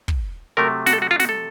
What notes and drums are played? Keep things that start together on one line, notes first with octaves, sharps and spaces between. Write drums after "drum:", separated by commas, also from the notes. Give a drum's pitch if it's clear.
drum: kick
C3 F#3 A3 A#4
F#4, drum: snare
A4
F#4
F4
F#4, drum: snare
A4